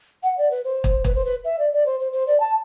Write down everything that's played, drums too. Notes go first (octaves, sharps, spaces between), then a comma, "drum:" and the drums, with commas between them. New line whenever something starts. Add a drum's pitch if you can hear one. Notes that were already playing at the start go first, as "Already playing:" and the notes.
F#5
D5
B4
C5
drum: kick
B4, drum: kick
C5
B4
E5
D5
D5
C5
C5
C5
D5
A5